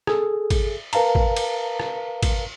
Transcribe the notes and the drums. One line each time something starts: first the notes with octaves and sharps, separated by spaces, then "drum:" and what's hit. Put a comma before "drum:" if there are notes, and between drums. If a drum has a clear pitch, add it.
G#4 A4, drum: rim click
drum: kick, cymbal
A#4 B4 F5 A5 A#5, drum: cymbal
drum: kick
drum: cymbal
drum: rim click
drum: kick, cymbal